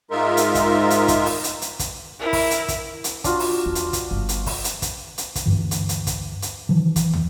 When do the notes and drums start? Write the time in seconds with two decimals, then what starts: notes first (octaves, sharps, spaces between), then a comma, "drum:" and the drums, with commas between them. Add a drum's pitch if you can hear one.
0.11 G#2 G#3 D#4 F4 A#4 E5
0.37 drum: hi-hat
0.55 drum: kick, hi-hat
0.90 drum: hi-hat
1.08 drum: kick, hi-hat
1.26 drum: open hi-hat
1.44 drum: hi-hat
1.62 drum: hi-hat
1.79 drum: kick, hi-hat
2.19 E4 A#4
2.33 drum: kick, open hi-hat
2.51 drum: hi-hat
2.68 drum: kick, hi-hat
3.04 drum: hi-hat
3.24 D4 F4 F#4, drum: kick, hi-hat
3.40 drum: open hi-hat
3.66 E2 D#3
3.75 drum: hi-hat
3.93 drum: kick, hi-hat
4.11 G1
4.29 drum: hi-hat
4.46 drum: kick, open hi-hat
4.64 drum: hi-hat
4.82 drum: kick, hi-hat
5.18 drum: hi-hat
5.35 drum: kick, hi-hat
5.46 D2 G2 E3
5.71 drum: hi-hat
5.89 drum: hi-hat
6.07 drum: kick, hi-hat
6.42 drum: hi-hat
6.69 D#3 E3 F#3
6.96 drum: kick, hi-hat
7.14 drum: tom